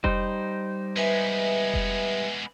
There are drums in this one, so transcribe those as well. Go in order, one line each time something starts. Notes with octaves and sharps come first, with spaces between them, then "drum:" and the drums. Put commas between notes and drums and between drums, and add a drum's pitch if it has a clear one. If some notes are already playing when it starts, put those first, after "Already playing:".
G3 D#4 C5, drum: kick F1
G#3 B3 B4 E5 G#5
drum: kick F1